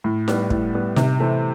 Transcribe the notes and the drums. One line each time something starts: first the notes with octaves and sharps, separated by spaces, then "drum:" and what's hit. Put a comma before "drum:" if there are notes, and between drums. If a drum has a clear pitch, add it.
A2
G3 B3, drum: snare D#4
A2, drum: kick
G3 B3
C3, drum: snare D#4
E3 A3 C4